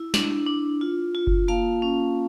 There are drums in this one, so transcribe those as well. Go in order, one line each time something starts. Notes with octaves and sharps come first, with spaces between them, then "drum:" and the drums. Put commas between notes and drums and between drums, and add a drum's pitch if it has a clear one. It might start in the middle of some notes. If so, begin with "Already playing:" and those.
Already playing: E4
D4, drum: snare
D4
F4
F4
drum: kick F#1
A#3 F5 A5
C#4